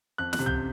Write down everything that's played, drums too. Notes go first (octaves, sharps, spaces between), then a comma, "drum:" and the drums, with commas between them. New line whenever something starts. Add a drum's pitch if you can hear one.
F2 F#6
F#6, drum: snare
C3
G6, drum: tom